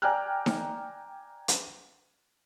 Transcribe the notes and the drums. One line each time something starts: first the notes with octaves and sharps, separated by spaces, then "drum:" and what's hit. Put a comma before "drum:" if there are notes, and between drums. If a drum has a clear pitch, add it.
D5 G5 G#5 A#5 F6 F#6
drum: snare D#4
drum: hi-hat